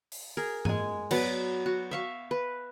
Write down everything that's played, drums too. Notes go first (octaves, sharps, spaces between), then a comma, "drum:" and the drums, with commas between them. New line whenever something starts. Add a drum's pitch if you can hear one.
drum: open hi-hat
G#4 A#4
G#3 G#5, drum: tom G#2
F#3 B3 B4 D5, drum: cymbal
F#4
E5 F5 C#6
B4